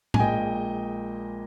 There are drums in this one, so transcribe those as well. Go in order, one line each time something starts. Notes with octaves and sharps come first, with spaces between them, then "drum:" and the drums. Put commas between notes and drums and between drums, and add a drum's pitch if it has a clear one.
G#5, drum: tom A2
A#1 A#2 G#3 D#5 G5